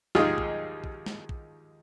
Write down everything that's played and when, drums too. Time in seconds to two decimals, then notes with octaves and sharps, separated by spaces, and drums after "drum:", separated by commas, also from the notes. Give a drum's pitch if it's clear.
0.15 D#2 D#3 G#3 D#4 F4 G#4, drum: snare
0.38 drum: kick A#1
0.84 drum: kick A#1
1.06 drum: snare
1.29 drum: kick A#1